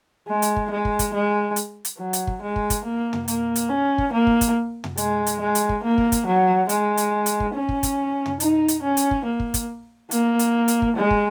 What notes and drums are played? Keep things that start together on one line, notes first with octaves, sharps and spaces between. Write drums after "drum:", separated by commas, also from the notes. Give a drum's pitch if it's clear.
G#3
drum: hi-hat
drum: kick
G#3
drum: kick
drum: kick, hi-hat
G#3
drum: hi-hat
drum: hi-hat
F#3
drum: hi-hat
drum: kick
G#3
drum: kick
drum: kick, hi-hat
A#3
drum: tom
A#3, drum: hi-hat
drum: hi-hat
C#4
drum: kick
A#3
drum: kick
drum: kick, hi-hat
drum: tom
G#3, drum: hi-hat
drum: hi-hat
G#3
drum: hi-hat
drum: kick
A#3
drum: kick
drum: kick, hi-hat
F#3
G#3, drum: hi-hat
drum: hi-hat
drum: hi-hat
drum: kick
C#4
drum: kick
drum: kick, hi-hat
drum: tom
D#4, drum: hi-hat
drum: hi-hat
C#4
drum: hi-hat
drum: kick
A#3
drum: kick
drum: kick, hi-hat
A#3, drum: hi-hat
drum: hi-hat
drum: hi-hat
drum: kick
G#3
drum: kick